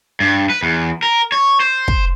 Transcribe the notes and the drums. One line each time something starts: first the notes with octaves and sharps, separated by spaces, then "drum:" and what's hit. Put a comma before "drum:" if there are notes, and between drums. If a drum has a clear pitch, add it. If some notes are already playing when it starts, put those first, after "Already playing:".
G2
B4
E2
A#4
C#5
C5
drum: kick